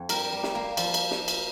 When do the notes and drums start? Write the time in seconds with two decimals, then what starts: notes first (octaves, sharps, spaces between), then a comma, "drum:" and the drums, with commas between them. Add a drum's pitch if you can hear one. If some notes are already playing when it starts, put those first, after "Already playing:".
Already playing: F2
0.09 G3 A#4, drum: cymbal
0.32 G3
0.43 drum: snare
0.55 A#3
0.77 F3, drum: cymbal
0.94 drum: cymbal
1.11 drum: snare
1.28 drum: cymbal